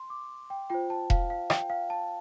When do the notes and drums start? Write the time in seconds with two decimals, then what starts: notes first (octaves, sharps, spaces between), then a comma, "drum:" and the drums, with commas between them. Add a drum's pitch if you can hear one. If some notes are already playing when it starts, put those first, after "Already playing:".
Already playing: C6
0.10 D6
0.50 G5
0.70 F4 C5 G5
0.90 A5
1.10 F5, drum: kick E1
1.30 F5
1.50 G5, drum: rim click
1.70 F5
1.90 A5